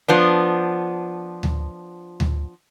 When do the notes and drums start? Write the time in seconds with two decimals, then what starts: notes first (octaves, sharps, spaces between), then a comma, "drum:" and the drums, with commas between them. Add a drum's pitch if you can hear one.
0.08 F3 B3 D4
1.43 drum: tom D2
2.20 drum: tom D2